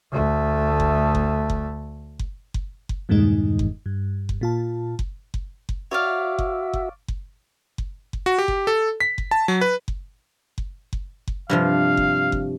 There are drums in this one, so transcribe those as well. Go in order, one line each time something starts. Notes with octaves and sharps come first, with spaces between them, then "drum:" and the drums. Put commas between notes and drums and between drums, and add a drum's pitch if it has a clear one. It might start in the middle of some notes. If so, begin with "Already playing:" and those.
D2 A3
drum: kick F#1
drum: kick F#1
drum: kick F#1
drum: kick F#1
drum: kick F#1
drum: kick F#1
E2 G2 A#2 D#3 G#3 D#4
drum: kick F#1
G2
drum: kick F#1
A#2 F4 A5
drum: kick F#1
drum: kick F#1
drum: kick F#1
F#4 C#5 D5 E5 F5
drum: kick F#1
drum: kick F#1
drum: kick F#1
drum: kick F#1
drum: kick F#1
F#4
G4
drum: kick F#1
A4
B6
drum: kick F#1
A5
F#3
B4
drum: kick F#1
drum: kick F#1
drum: kick F#1
drum: kick F#1
G2 C3 F3 F5
drum: kick F#1
drum: kick F#1